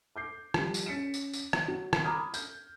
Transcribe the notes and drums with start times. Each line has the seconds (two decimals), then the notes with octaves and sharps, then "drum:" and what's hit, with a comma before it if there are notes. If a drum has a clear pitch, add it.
0.16 D6 G6 C7
0.54 F3 G3, drum: rim click
0.74 drum: tambourine
0.86 C#4 A6 B6 C#7 E7
1.14 drum: tambourine
1.33 drum: tambourine
1.53 drum: rim click
1.68 F#3
1.93 drum: rim click
2.04 A#5 B5 D6 D#6 F6 G#6
2.34 G6, drum: tambourine